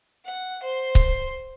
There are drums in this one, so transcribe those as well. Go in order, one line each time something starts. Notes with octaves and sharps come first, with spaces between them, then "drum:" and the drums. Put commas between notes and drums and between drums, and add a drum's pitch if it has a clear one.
F#5
C5 C6
drum: kick C#1